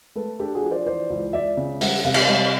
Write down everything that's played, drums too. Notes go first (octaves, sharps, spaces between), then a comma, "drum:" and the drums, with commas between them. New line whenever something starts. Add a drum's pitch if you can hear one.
A3 A4 B4
D4 G4 A4
F#4 G#4
F3
C5 D5
E3 C5 D5
C#2
C#2 D5 E5
C#3
G3 E5 F#5, drum: open hi-hat
C3 F5
E5, drum: cymbal
G3 D#5 F5